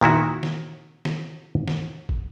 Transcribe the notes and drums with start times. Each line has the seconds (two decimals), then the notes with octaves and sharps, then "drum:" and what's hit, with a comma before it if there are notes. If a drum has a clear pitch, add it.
0.01 A#2 D#3 E4 F#4
0.43 drum: snare
1.05 drum: snare
1.68 drum: snare
2.09 drum: kick